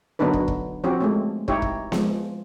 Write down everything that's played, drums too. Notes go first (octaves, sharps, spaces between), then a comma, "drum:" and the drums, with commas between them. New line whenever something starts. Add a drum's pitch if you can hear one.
D3 F#3 B3 D4 D#4 B4
drum: kick
drum: kick
F3 C4 C#4 F#4 G4
G#3 A3 C#4
D#4 E4 G4 C#5, drum: kick
drum: kick
F3 G#3, drum: snare B3